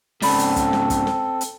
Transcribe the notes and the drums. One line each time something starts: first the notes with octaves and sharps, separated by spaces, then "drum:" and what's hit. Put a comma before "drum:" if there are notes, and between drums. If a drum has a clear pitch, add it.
G#2 C#3 C4 A4 D5 B5, drum: open hi-hat
drum: hi-hat
drum: kick, hi-hat
drum: snare
drum: kick, hi-hat
drum: snare
drum: hi-hat